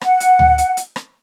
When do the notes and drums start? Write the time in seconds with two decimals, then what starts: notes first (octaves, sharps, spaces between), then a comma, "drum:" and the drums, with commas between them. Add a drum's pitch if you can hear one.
0.01 F#5, drum: rim click
0.20 drum: hi-hat
0.39 drum: tom D2
0.58 drum: hi-hat
0.77 drum: hi-hat
0.96 drum: rim click